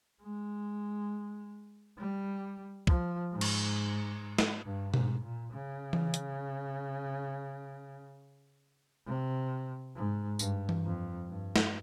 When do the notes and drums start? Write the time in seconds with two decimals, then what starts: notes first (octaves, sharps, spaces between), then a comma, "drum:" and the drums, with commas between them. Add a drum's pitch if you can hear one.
0.22 G#3
1.98 G3
2.87 F3, drum: kick
3.32 G#2
3.41 drum: cymbal
4.38 drum: snare
4.64 G2
4.94 G#2, drum: tom B2
5.23 A#2
5.53 C#3
5.93 drum: tom E3
6.14 drum: hi-hat
9.07 C3
9.96 G#2
10.39 G2, drum: tambourine
10.69 drum: tom E3
10.85 F2
11.28 G2
11.56 drum: snare